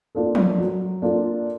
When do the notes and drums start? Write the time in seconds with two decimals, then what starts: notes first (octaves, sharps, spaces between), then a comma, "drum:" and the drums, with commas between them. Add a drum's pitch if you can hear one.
0.15 A#3 D4 F4 A4
0.35 drum: tom F3
0.59 F#3
1.02 A#3 D4 F4 A4